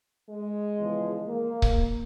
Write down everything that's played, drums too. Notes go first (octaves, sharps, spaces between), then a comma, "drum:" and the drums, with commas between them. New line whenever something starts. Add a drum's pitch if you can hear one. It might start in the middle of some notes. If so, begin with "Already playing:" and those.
G#3
E2 C#3 F3
A#3
drum: kick C#1